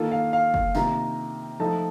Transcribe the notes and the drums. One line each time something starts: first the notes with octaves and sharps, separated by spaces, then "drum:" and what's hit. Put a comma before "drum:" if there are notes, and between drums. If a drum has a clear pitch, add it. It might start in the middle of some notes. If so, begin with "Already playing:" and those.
Already playing: D#3 A#3 F4 A4
F5
F5
drum: kick
C3 D#3 A#3 F4 A#5, drum: snare
F3 A3 D#4 A4 A5